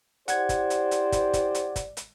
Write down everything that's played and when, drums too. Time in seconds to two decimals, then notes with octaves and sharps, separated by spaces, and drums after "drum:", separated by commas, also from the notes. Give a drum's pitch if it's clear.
0.28 E4 G4 C5 D5 F#5 G#6, drum: hi-hat
0.49 drum: kick, hi-hat
0.70 drum: hi-hat
0.91 drum: hi-hat
1.12 drum: kick, hi-hat
1.33 drum: kick, hi-hat
1.55 drum: hi-hat
1.76 drum: kick, hi-hat
1.97 drum: hi-hat